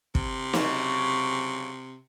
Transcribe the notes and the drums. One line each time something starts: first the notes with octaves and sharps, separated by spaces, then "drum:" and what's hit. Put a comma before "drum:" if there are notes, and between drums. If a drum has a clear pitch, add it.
C3, drum: kick
C#3 F#3, drum: snare